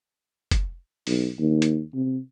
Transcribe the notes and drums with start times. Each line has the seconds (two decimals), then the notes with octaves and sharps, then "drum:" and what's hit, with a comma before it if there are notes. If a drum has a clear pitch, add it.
0.51 drum: kick, hi-hat
1.07 B1, drum: open hi-hat
1.39 D#2
1.62 drum: hi-hat
1.94 C3